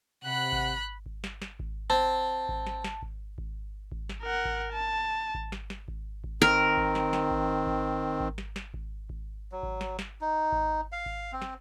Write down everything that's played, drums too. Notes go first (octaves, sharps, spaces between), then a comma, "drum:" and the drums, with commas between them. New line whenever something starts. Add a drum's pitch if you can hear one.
C3 F#5 B5 F#6
drum: kick G#1
drum: kick G#1
drum: snare
drum: snare
drum: kick G#1
C4 A5
drum: kick G#1
drum: snare
drum: snare
drum: kick G#1
drum: kick G#1
drum: kick G#1
drum: snare
A#4 F#5
drum: kick G#1
A5
drum: kick G#1
drum: snare
drum: snare
drum: kick G#1
drum: kick G#1
D#3 C4 A#4
drum: kick G#1
drum: snare
drum: snare
drum: kick G#1
drum: kick G#1
drum: kick G#1
drum: snare
drum: snare
drum: kick G#1
drum: kick G#1
F#3
drum: kick G#1
drum: snare
drum: snare
D#4
drum: kick G#1
F5
drum: kick G#1
C4
drum: snare